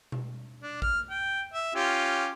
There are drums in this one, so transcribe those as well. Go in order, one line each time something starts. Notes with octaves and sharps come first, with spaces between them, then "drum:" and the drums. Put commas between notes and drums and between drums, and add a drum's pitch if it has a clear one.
drum: tom B2
D4
F6, drum: kick A1
G5
E5
C#4 F4 G4